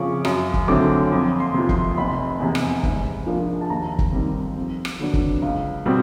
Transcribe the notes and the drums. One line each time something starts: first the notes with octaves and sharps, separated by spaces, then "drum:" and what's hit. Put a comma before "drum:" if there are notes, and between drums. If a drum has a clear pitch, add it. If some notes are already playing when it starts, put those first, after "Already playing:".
Already playing: F2 C#3 F3 C#6 D6
F#2 D#6, drum: rim click
drum: kick
D3 F#3 A3 C4 D6
F2
C6
C3 F3
C6, drum: kick
F1 B5
E2 C3
drum: rim click
G#2, drum: kick
F3 A#3 D4
A5
D#2 A#5
drum: kick
D#3 G3 C4
F2
drum: rim click
D3 F#3 B3 D4
drum: kick
C#2
B2 G3 C4